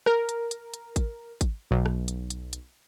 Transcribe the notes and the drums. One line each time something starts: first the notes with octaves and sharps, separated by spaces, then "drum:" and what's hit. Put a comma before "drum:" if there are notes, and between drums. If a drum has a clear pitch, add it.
A#4, drum: rim click
drum: hi-hat
drum: hi-hat
drum: hi-hat
drum: kick G#1, hi-hat
drum: kick G#1, hi-hat
B1
drum: rim click
drum: hi-hat
drum: hi-hat
drum: hi-hat